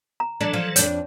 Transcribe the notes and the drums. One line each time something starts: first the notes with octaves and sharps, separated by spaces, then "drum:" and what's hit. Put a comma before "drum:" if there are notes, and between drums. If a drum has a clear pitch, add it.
A#5
E3 F#3 D4 A4
F3
F2 D4 C#5, drum: hi-hat